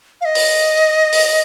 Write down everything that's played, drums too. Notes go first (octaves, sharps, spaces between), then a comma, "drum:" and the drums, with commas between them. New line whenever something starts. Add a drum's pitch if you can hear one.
F5
D#5
drum: open hi-hat
drum: open hi-hat